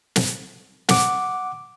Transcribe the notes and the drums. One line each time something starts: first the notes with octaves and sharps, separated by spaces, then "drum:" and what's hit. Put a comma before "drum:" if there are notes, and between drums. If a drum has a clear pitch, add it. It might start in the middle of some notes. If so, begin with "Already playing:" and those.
drum: snare
F#5 D6, drum: snare